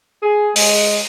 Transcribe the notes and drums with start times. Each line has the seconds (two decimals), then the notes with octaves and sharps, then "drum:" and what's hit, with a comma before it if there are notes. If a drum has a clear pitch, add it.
0.23 G#4
0.56 G#3, drum: open hi-hat